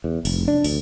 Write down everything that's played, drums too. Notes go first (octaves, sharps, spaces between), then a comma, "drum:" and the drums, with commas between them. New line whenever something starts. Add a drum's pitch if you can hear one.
E2
F1, drum: open hi-hat
D4
D2, drum: open hi-hat